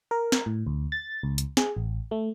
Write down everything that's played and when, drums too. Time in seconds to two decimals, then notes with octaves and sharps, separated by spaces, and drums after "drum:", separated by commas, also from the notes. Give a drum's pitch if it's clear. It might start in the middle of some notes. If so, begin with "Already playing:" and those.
0.11 A#4
0.32 drum: snare
0.46 A2
0.67 D2
0.92 A6
1.23 C#2
1.38 drum: hi-hat
1.57 G#4, drum: snare
1.77 A1
2.11 A3